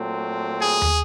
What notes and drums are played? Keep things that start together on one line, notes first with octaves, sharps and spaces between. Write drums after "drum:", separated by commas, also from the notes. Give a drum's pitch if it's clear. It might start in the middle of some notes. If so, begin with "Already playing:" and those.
Already playing: A#2 F#3 A3 C4
G#4
drum: tom